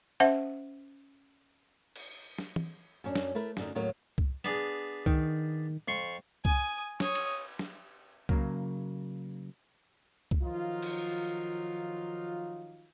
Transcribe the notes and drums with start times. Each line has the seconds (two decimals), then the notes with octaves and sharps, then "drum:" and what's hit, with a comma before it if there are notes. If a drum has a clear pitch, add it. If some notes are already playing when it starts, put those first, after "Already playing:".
0.20 C#4 C5 E5 F#5, drum: hi-hat
1.96 drum: cymbal
2.39 drum: snare
2.56 drum: tom E3
3.04 F#2 C#4 D4
3.16 drum: snare
3.35 A3 E4 A#4 B4
3.57 F#2 D3 D#4, drum: snare
3.75 D#2 A2 F#3 A#4
4.18 drum: kick C2
4.44 B3 D4 G#4, drum: hi-hat
5.06 D#3, drum: kick C2
5.88 F2 C6 C#6
6.45 G#5 D#6, drum: kick C2
7.00 C#5 D#6, drum: snare
7.15 drum: cymbal
7.59 drum: snare
8.29 C#3 F#3 A#3, drum: kick C2
10.31 drum: kick C2
10.43 D#3 F3 F#3 D#4 F4
10.82 drum: cymbal